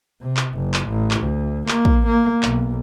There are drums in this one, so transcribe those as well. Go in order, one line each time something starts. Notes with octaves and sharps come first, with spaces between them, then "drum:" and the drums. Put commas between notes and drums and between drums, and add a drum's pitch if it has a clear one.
C3
drum: clap
F#1
drum: clap
A1
drum: clap
D2
A#3, drum: clap
drum: kick
A#3
B1, drum: clap